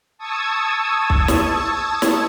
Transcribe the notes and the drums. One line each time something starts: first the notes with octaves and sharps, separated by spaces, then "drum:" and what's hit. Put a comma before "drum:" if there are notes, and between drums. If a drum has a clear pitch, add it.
A5 C#6 D#6 E6 G#6
drum: kick
drum: snare
drum: snare